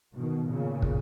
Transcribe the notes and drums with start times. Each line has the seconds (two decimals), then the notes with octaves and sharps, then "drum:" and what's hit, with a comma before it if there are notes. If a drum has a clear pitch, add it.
0.16 B2 D#3
0.50 A#2 C#3
0.82 drum: kick